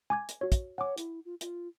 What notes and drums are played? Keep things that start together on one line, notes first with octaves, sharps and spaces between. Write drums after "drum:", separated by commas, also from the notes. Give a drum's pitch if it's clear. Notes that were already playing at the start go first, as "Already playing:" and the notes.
G#5 D6 G#6
drum: hi-hat
F#4 C#5
drum: kick, hi-hat
C#5 F#5 G#5 D6
E4, drum: hi-hat
F4
F4, drum: hi-hat